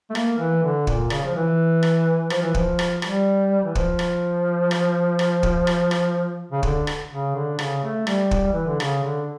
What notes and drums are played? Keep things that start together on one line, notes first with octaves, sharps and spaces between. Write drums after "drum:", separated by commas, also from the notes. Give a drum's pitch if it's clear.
A3
A#3, drum: rim click
E3
D3
A#2, drum: kick
C#3, drum: rim click
F3
E3
drum: rim click
F3, drum: rim click
E3
F3, drum: kick
drum: rim click
G3, drum: rim click
E3
F3, drum: kick
drum: rim click
drum: rim click
drum: rim click
drum: kick
drum: rim click
drum: rim click
C#3
D3, drum: kick
drum: rim click
C#3
D3
C#3, drum: rim click
A3
G3, drum: rim click
drum: kick
E3
D3
C#3, drum: rim click
D3